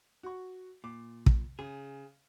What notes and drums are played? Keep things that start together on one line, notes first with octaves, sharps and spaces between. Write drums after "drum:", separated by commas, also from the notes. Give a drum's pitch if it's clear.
F#4 C#6
A#2 D6
drum: kick
C#3 G#4